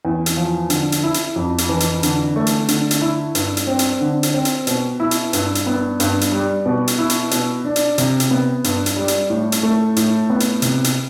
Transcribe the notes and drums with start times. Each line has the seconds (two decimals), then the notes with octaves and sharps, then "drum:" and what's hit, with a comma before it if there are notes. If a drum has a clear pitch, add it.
0.05 E2
0.26 drum: hi-hat
0.37 F3
0.70 D3, drum: hi-hat
0.92 drum: hi-hat
1.03 E4
1.14 drum: hi-hat
1.36 F2
1.58 drum: hi-hat
1.69 E3
1.80 drum: hi-hat
2.03 D3, drum: hi-hat
2.36 A3
2.47 drum: hi-hat
2.68 D3, drum: hi-hat
2.91 drum: hi-hat
3.01 E4
3.35 G2, drum: hi-hat
3.57 drum: hi-hat
3.67 C4
3.79 drum: hi-hat
4.01 D3
4.23 drum: hi-hat
4.34 C4
4.45 drum: hi-hat
4.67 B2, drum: hi-hat
5.00 E4
5.11 drum: hi-hat
5.33 G2, drum: hi-hat
5.55 drum: hi-hat
5.67 B3
6.00 G2, drum: hi-hat
6.21 drum: hi-hat
6.32 G3
6.66 B2
6.88 drum: hi-hat
6.98 E4
7.10 drum: hi-hat
7.31 B2, drum: hi-hat
7.65 D4
7.76 drum: hi-hat
7.98 C3, drum: hi-hat
8.20 drum: hi-hat
8.31 B3
8.64 G2, drum: hi-hat
8.86 drum: hi-hat
8.96 G3
9.08 drum: hi-hat
9.30 A2
9.52 drum: hi-hat
9.63 A3
9.96 A2, drum: hi-hat
10.30 B3
10.40 drum: hi-hat
10.62 C3, drum: hi-hat
10.84 drum: hi-hat